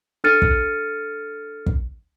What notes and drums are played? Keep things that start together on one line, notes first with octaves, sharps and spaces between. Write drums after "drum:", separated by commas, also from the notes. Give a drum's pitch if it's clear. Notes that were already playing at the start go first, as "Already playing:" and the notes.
D4 A4 F6 A6 C#7 D#7
drum: kick
drum: kick